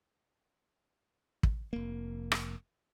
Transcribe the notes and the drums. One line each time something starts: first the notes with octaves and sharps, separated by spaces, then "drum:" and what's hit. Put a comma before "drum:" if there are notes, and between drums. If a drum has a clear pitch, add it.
drum: kick
F1 A#3
drum: rim click